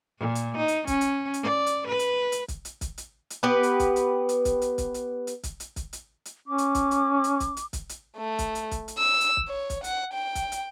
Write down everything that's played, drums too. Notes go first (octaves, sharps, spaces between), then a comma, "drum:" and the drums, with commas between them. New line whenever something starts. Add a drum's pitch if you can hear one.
A#2
drum: hi-hat
D#4
drum: hi-hat
C#4, drum: kick, hi-hat
drum: hi-hat
drum: hi-hat
D5
drum: hi-hat
B4
drum: hi-hat
drum: hi-hat
drum: kick, hi-hat
drum: hi-hat
drum: kick, hi-hat
drum: hi-hat
drum: hi-hat
B3 G4 B4
drum: hi-hat
drum: kick, hi-hat
drum: hi-hat
drum: hi-hat
drum: kick, hi-hat
drum: hi-hat
drum: kick, hi-hat
drum: hi-hat
drum: hi-hat
drum: kick, hi-hat
drum: hi-hat
drum: kick, hi-hat
drum: hi-hat
drum: hi-hat
C#4 D6
drum: hi-hat
drum: kick, hi-hat
drum: hi-hat
drum: hi-hat
drum: kick, hi-hat
drum: hi-hat
drum: kick, hi-hat
drum: hi-hat
A3
drum: kick, hi-hat
drum: hi-hat
drum: kick, hi-hat
drum: hi-hat
E6
drum: hi-hat
drum: kick
C#5
drum: kick, hi-hat
F#5, drum: hi-hat
G5
drum: kick, hi-hat
drum: hi-hat